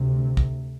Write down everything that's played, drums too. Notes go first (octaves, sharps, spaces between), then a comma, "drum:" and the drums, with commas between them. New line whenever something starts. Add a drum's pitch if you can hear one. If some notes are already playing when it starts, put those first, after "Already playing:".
Already playing: D2 C3
drum: kick